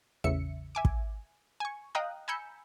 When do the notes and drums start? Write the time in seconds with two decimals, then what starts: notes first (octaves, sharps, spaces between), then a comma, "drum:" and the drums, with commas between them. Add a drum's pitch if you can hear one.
0.24 A1 E2 C#3 E5 C#7
0.75 E5 G#5 D6
0.85 drum: kick
1.60 G#5 C#6
1.95 D#5 F5 G5 A#5 D#6 F#6
2.28 G#5 A#5 B5 E6 G6 C#7